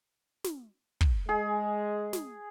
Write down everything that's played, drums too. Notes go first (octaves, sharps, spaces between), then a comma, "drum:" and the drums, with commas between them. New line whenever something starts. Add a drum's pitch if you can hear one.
drum: snare
drum: kick
G#3 G#4
drum: snare